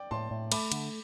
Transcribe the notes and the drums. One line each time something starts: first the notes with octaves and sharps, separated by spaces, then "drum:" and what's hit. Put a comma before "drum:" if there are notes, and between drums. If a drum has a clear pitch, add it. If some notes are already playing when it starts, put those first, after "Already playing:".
Already playing: D5 G5
A2 A5 C6
A2
A3 B5 D6, drum: cymbal
D3, drum: cymbal